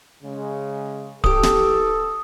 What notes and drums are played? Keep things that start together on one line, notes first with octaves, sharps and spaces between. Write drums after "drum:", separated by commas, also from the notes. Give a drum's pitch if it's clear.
C#3 G#3
E3 G4 A4 D#6, drum: kick D1
drum: snare